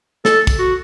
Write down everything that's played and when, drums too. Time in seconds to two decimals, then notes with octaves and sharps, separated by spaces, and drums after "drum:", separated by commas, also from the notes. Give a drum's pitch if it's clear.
0.25 A4, drum: snare
0.47 drum: kick, tambourine
0.59 F#4